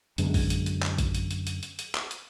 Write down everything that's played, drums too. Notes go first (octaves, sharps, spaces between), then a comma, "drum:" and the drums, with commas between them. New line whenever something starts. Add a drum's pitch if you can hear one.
F#2 D3 G#3 B3, drum: hi-hat
drum: kick A#1, open hi-hat
drum: hi-hat
drum: hi-hat
drum: clap
drum: kick A#1, hi-hat
drum: hi-hat
drum: hi-hat
drum: hi-hat
drum: hi-hat
drum: hi-hat
drum: clap
drum: hi-hat